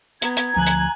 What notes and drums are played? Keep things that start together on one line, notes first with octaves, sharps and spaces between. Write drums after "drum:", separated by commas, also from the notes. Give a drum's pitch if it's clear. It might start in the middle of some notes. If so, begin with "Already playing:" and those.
B3 A#5 G#6, drum: hi-hat
drum: hi-hat
D2 F3 G#5 F#6
drum: hi-hat